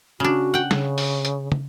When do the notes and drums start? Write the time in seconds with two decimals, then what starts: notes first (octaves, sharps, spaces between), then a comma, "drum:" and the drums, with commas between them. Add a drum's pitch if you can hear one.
0.20 C#3 D4 F#4
0.54 F#5 G5
0.71 C#3, drum: snare
0.98 drum: open hi-hat
1.25 drum: hi-hat
1.52 drum: tom